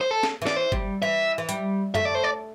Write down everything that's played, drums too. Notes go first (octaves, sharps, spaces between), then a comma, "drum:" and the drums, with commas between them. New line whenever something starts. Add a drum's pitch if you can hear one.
C5
A4
drum: snare
E3
D5, drum: snare
C5
G3, drum: kick G1
E3 E5
E3
G3, drum: hi-hat
A3 E5, drum: tom F#2
D5
C5
D5